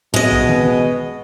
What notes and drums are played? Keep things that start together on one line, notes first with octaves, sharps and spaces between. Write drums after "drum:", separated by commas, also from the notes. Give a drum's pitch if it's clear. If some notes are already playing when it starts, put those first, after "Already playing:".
B2 G#3 D#5, drum: tom
drum: kick
drum: tom